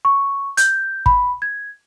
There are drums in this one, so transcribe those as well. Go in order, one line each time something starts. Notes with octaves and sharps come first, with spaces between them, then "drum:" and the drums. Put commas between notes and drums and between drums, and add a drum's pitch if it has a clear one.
C#6
G6, drum: hi-hat
B5, drum: kick
G#6